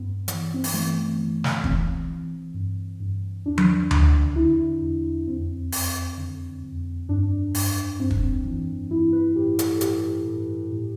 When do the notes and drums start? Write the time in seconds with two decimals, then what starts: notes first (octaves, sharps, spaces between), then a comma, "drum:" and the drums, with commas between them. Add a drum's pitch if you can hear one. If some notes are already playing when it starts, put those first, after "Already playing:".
Already playing: G2 B3
0.28 E3, drum: hi-hat
0.54 C4
0.64 B3, drum: open hi-hat
0.74 E3 A3
1.19 E3
1.44 drum: snare
1.64 E3 C4, drum: kick
2.10 E3
2.54 G2
3.00 G2
3.46 E2 D4
3.58 drum: tom F3
3.91 D3, drum: tom D2
4.36 D3 E4
4.82 E2
5.27 F2 C4
5.72 F2, drum: open hi-hat
6.18 D3
6.63 F2
7.09 G2 D4
7.55 G2, drum: open hi-hat
8.00 G2 C4
8.11 drum: kick
8.45 E3
8.90 E3 E4
9.13 B4
9.36 A2 G4
9.59 A4, drum: hi-hat
9.81 A2 G4, drum: hi-hat
10.26 A2
10.72 A2